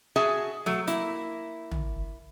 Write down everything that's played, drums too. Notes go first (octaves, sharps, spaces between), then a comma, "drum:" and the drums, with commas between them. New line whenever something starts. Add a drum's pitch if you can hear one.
F#4 G#4 E5 G#5 A5
F#3 A3, drum: snare
A#3 E4, drum: hi-hat
drum: tom